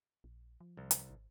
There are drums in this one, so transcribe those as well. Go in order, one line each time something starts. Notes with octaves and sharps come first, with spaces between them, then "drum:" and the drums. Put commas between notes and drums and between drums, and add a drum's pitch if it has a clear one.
A#1
F3
C2
drum: hi-hat
G#1